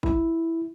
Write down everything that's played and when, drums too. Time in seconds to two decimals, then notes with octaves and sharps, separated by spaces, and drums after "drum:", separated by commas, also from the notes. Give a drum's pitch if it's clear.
0.03 E4, drum: kick G#1